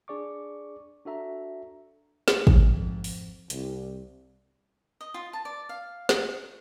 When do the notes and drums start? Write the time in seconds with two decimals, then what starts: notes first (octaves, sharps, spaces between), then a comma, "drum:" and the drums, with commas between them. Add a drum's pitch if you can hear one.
0.08 D4 G#4 D5 C#6 D6
1.05 D4 F#4 A4 E5 A#5
2.28 drum: snare
2.47 drum: kick
2.64 F2 G#2
3.04 drum: open hi-hat
3.50 C2, drum: hi-hat
5.01 D#5
5.14 F4
5.33 A5
5.45 D5
5.69 F5
6.09 F#5, drum: snare